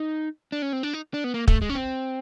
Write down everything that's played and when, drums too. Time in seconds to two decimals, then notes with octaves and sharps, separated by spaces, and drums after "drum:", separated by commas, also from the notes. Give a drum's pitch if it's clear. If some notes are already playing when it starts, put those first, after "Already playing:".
Already playing: D#4
0.52 D4
0.62 C#4
0.73 C4
0.83 D4
0.93 D#4
1.14 D4
1.24 B3
1.34 A#3
1.48 A3, drum: kick
1.62 G#3
1.69 C#4
1.75 C4